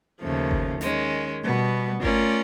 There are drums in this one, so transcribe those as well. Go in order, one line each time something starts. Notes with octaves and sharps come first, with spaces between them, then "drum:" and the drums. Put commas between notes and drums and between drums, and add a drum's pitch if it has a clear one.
D#2 C#3 F3 A3
drum: kick G1
D#3 G#3 C#4, drum: snare
B2 G3 B3
A3 C#4 F4 A#4 D5, drum: kick G1